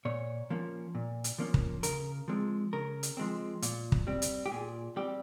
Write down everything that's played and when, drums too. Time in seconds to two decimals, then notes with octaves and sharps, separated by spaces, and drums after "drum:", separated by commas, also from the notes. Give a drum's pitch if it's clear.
0.05 A#2 C#5
0.50 F3 A#3 C#4
0.95 A#2
1.24 drum: hi-hat
1.38 F3 A#3 C#4
1.54 drum: kick
1.83 C#3 A#4, drum: hi-hat
2.28 F3 G#3 C4
2.73 C#3 A#4
3.03 drum: hi-hat
3.17 F3 G#3 C4
3.62 A#2, drum: hi-hat
3.92 drum: kick
4.07 G3 C4
4.22 drum: hi-hat
4.46 G4
4.51 A#2 G#4
4.96 G3 C4 G4